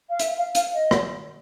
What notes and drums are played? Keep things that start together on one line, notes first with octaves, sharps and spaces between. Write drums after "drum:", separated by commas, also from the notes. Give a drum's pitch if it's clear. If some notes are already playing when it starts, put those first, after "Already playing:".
F5
E5, drum: hi-hat
F5
F5, drum: hi-hat
D#5
drum: rim click